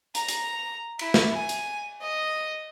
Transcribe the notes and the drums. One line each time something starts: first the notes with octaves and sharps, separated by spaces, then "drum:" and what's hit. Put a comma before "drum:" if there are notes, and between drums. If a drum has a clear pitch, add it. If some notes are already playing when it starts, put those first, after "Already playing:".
A#5, drum: hi-hat
drum: hi-hat
E4, drum: cymbal
drum: snare
G#5
drum: hi-hat
D#5